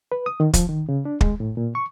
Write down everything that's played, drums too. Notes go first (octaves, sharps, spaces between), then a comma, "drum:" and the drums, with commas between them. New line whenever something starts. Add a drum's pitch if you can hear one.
B4
D#6
D#3
F3, drum: kick, hi-hat
D#3
C#3
D4
G#3, drum: kick
A2
A#2
C#6